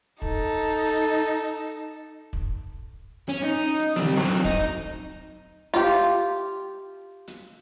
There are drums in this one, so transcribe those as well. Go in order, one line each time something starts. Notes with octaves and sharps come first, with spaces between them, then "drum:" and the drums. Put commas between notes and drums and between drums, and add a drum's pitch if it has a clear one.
D#4 A4, drum: kick
drum: kick
C#4
D#4
drum: hi-hat
G3 C4, drum: tom
F#3 C4, drum: rim click
D#4, drum: kick
F4 G4, drum: hi-hat
drum: hi-hat